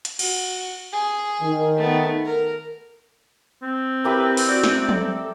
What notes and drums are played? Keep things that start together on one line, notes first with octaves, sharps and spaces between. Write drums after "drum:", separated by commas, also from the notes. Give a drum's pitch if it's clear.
drum: hi-hat
F#4, drum: cymbal
G#4
D#3
A3 B3
A#4
C4
E4 G4 A#4 B4
drum: open hi-hat
F#4 D5
drum: snare
A4, drum: tom